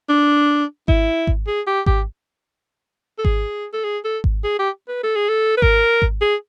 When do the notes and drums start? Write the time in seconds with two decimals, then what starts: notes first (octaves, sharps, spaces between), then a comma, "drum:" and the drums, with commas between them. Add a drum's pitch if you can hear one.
0.09 D4
0.88 E4, drum: kick G#1
1.27 drum: kick G#1
1.47 G#4
1.67 G4
1.86 G4, drum: kick G#1
3.18 A4
3.25 G#4, drum: kick G#1
3.73 A4
3.84 G#4
4.05 A4
4.24 drum: kick G#1
4.44 G#4
4.59 G4
4.88 B4
5.03 A4
5.16 G#4
5.29 A4
5.57 B4
5.62 A#4, drum: kick G#1
6.02 drum: kick G#1
6.21 G#4